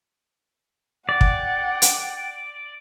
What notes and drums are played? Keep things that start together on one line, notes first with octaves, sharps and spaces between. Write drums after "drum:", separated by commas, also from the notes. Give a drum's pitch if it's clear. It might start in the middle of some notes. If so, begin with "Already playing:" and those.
D5 F#5 G5
drum: kick
drum: hi-hat